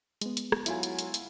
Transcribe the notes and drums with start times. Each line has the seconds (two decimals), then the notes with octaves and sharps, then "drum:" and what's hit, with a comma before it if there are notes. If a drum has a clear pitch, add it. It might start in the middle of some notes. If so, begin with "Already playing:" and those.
0.21 G#3 B3, drum: hi-hat
0.37 drum: hi-hat
0.52 drum: rim click
0.66 F#3 E4 F4 G#5, drum: hi-hat
0.83 drum: hi-hat
0.99 drum: hi-hat
1.14 drum: hi-hat